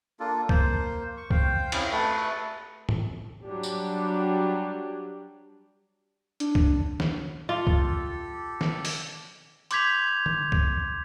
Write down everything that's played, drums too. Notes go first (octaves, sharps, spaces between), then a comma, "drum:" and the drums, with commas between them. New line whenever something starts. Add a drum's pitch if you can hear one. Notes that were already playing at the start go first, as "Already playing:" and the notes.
A#3 D4 F4 A4
A#3 C5, drum: kick
C#6
C5 F5 G5, drum: kick
C4 C#4 E4, drum: cymbal
A3 A4 B4 C#6
drum: tom G#2
F#3 G3 D4 G4
drum: tambourine
D4, drum: hi-hat
drum: kick
drum: snare
F4 G4 A4
drum: kick
drum: snare
drum: open hi-hat
C6 D6 G6 G#6 B6 F7, drum: hi-hat
drum: tom D3
drum: kick